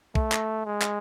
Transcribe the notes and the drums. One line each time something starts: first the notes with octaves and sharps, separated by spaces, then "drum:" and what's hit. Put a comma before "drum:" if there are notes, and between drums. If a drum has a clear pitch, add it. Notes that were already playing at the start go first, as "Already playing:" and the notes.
A3, drum: kick
drum: clap
G#3
drum: clap